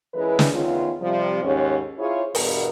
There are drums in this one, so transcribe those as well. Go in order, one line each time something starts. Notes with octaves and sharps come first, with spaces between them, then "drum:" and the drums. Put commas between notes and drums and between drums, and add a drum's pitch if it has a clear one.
E3 G#3 C#4 E4 A#4 B4
drum: snare
E2 D#3 C#4 F4
C3 F3 G3
D#2 G#2 C#4
E4 F4 G#4 C5 C#5
E2 G2 B2 A#4, drum: open hi-hat